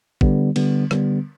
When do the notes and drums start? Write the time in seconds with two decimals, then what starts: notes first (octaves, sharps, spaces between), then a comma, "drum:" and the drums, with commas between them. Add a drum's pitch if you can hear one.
0.21 D3 G3 B3, drum: kick
0.56 D3 G3 B3, drum: cymbal
0.91 D3 G3 B3, drum: rim click